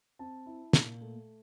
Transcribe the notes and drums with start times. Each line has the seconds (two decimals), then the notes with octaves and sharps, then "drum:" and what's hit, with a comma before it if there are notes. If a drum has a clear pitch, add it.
0.19 C4 A5
0.46 E4
0.73 A#2, drum: snare
1.01 A3